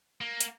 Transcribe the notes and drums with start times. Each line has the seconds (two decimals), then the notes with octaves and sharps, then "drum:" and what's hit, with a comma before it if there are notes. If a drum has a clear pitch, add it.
0.21 A#3
0.41 drum: hi-hat